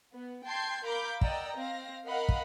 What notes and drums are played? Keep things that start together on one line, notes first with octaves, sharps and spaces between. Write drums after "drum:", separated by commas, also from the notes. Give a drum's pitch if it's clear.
B3
G5 A5 C6 G6 G#6 C7
A#4 F5 A#5 B5 D6 G6
D5 D#5 F#5 G5 A#5 E6, drum: kick
C4 F5 A#6
A#4 D#5 F5 F#5 B5
drum: kick